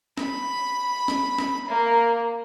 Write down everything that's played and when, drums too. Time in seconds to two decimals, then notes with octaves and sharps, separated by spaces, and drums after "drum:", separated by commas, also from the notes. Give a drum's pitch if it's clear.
0.18 B5, drum: snare
1.08 drum: snare
1.38 drum: snare
1.69 A#3